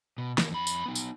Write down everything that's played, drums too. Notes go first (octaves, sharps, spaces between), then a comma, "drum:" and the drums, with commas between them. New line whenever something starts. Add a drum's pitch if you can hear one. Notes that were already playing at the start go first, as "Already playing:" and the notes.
B2
E3 A#3, drum: snare
F2 B5
drum: tambourine
B3 D#4
drum: tambourine